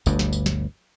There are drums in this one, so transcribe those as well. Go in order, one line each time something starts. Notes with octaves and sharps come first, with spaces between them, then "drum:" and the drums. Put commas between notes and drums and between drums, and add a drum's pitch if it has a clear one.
G1 D2 G2, drum: tambourine
drum: snare
drum: tambourine
drum: snare